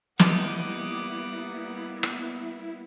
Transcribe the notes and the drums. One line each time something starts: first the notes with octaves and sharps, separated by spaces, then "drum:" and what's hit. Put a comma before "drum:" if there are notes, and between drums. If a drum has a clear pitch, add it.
G3 A#3 B3 D#4 E4 G4 F#5 D6, drum: snare
drum: rim click